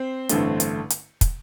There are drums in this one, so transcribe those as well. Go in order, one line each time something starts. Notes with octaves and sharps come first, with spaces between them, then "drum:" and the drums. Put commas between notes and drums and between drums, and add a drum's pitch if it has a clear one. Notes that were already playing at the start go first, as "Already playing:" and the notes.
Already playing: C4 C5
A1 G2 D3 A3, drum: hi-hat
drum: hi-hat
drum: hi-hat
drum: kick, hi-hat